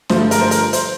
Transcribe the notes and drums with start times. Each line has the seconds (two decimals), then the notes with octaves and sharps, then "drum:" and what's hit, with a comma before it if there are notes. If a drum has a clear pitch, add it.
0.10 G2 D3 F3 A3 C5, drum: snare
0.31 A#4, drum: hi-hat
0.41 C5
0.51 A#4, drum: hi-hat
0.73 C5, drum: hi-hat